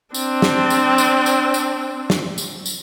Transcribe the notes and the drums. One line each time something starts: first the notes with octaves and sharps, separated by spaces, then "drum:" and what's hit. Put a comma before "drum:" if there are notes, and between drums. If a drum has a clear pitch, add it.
C4 D4, drum: tambourine
drum: snare
drum: tambourine
drum: tambourine
drum: tambourine
drum: tambourine
drum: snare
drum: tambourine
drum: tambourine